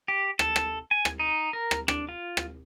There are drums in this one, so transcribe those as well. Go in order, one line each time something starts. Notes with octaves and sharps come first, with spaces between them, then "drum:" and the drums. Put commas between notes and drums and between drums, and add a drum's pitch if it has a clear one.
G4
A4, drum: rim click
drum: rim click
G#5
drum: rim click
D#4
A#4
drum: rim click
D4, drum: rim click
F4
drum: rim click